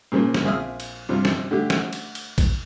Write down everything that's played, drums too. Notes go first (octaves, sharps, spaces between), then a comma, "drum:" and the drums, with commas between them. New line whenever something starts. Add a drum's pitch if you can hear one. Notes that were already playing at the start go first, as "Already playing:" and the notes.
A#2 C#3 F3 A#3
drum: snare
A#1 C4 G#4 E5 D#6 F6
drum: cymbal
G2 C3 F3 F4
drum: snare
D3 A3 G4
drum: snare
drum: cymbal
drum: cymbal
drum: kick, cymbal